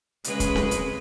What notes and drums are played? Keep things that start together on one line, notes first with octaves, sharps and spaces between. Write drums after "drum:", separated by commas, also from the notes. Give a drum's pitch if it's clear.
C#3 G#3 B4, drum: hi-hat
drum: kick, hi-hat
drum: snare C4
drum: hi-hat